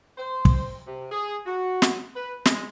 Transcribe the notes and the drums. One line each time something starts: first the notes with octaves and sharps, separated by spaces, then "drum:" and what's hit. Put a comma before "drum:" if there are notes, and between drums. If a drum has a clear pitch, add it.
C5
drum: kick
C3
G#4
F#4
drum: snare
B4
G#3, drum: snare